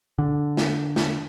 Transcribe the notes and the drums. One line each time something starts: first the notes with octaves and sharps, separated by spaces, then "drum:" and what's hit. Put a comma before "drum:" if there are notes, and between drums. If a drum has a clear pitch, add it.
D3
drum: snare
drum: snare